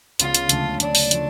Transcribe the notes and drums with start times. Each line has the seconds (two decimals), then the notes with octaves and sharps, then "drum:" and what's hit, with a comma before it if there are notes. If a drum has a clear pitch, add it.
0.20 C#2 C#3 G#3 B3 F4, drum: hi-hat
0.34 drum: hi-hat
0.49 D2 C#3 F#3 A3, drum: hi-hat
0.80 D2 C#3 F#3 A3 D4, drum: hi-hat
0.95 drum: open hi-hat
1.11 F3 A3, drum: hi-hat